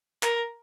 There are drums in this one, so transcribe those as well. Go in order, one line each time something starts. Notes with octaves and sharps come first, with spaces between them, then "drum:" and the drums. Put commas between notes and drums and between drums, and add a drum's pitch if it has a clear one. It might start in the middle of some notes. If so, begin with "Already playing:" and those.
A#4, drum: clap